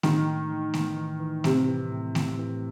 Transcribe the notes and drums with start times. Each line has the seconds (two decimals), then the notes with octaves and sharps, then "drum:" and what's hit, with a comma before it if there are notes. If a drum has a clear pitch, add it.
0.03 A2 D#3, drum: snare A3
0.27 A3
0.50 E3
0.74 E3, drum: snare A3
0.97 E3
1.20 E3
1.44 A2 C3, drum: snare A3
1.68 E3
1.91 A2
2.15 A2, drum: snare A3
2.39 E3